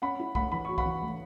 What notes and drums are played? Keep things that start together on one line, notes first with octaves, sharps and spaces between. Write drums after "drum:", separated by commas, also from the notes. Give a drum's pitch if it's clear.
C#4 F#5 B5
E4
A3 F#5 B5, drum: kick B1
E3 B5
F#4 C#6
F#5 B5, drum: kick B1
E3
A3